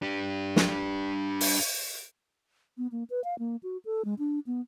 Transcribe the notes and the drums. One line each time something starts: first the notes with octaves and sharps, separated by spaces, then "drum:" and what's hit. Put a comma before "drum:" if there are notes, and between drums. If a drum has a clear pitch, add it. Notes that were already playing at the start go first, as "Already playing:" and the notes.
D4 G4
drum: snare
drum: open hi-hat
B3
A#3
B4
F5
A#3
F#4
A4
G#3
D4
B3